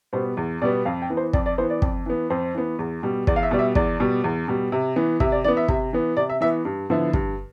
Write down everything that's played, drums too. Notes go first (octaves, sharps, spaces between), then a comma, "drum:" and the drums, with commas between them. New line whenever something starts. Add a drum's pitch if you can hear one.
B2 G3 B3 C5
E2
B2 G3 B3 D5
F2 F5
G5
E3 B3
C5
F2 D5, drum: kick
D5
E3 B3 C5
D5
F2, drum: kick
E3 B3
F2 C5
E3 B3
E2
B2 G3
E2 D5, drum: kick
F5
E5
B2 G3 D5
E5
E2 D5, drum: kick
B2 G3
E2
B2 G3
C3
E3 B3
C3 E5, drum: kick
D5
E3 B3 D5
E5
C3, drum: kick
E3 B3
C3 D5
E5
E3 B3 E5
G2
D3 F3 B3 E4
G2, drum: kick